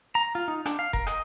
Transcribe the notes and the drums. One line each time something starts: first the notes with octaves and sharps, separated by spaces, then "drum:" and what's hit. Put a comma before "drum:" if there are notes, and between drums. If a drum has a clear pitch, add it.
A#5
F4
D#4
D4, drum: rim click
F5
A#4, drum: kick F1
D#5, drum: rim click